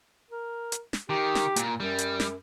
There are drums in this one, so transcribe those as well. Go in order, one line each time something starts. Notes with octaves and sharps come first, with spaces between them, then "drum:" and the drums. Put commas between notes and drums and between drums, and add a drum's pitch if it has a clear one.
A#4
drum: hi-hat
drum: snare
D#3 G4
drum: snare
A#2, drum: hi-hat
F#2 G3
drum: hi-hat
drum: snare